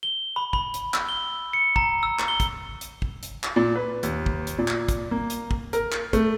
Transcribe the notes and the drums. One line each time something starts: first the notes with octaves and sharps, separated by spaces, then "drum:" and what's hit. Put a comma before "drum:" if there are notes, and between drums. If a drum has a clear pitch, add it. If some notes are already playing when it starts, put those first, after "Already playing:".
G7
B5
B5, drum: kick
drum: hi-hat
E6, drum: clap
G7
C#7
A#5, drum: kick
E6
drum: clap
G7
drum: kick, hi-hat
drum: hi-hat
drum: kick
drum: hi-hat
drum: clap
A#2
B4
D#2, drum: hi-hat
drum: kick
drum: hi-hat
A#2
drum: clap
drum: kick, hi-hat
A#3
drum: hi-hat
drum: kick
A#4, drum: hi-hat
drum: clap
A3, drum: kick, hi-hat